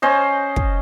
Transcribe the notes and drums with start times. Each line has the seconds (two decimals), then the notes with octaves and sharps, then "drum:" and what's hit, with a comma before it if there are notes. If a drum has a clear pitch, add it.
0.02 C#4 C5 D#5
0.56 drum: kick